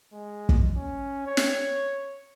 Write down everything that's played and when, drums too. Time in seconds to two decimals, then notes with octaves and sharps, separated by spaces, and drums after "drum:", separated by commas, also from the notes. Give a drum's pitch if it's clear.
0.12 G#3
0.49 drum: kick
0.75 C#4
1.27 C#5
1.37 drum: snare